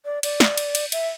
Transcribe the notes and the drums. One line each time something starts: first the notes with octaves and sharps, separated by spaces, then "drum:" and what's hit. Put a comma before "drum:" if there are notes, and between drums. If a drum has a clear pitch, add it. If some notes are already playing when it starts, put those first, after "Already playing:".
D5
D5, drum: cymbal
drum: snare
drum: cymbal
drum: cymbal
E5, drum: cymbal